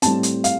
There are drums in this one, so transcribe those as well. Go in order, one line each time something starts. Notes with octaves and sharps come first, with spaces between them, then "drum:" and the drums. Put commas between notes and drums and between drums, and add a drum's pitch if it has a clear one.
A2 G3 C4 A5, drum: hi-hat
drum: hi-hat
F5, drum: hi-hat